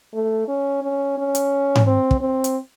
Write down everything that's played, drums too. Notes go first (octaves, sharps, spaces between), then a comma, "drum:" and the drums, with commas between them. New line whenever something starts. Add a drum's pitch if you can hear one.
A3
C#4
C#4
C#4
drum: hi-hat
drum: tom G#2
C4
drum: kick
C4
drum: hi-hat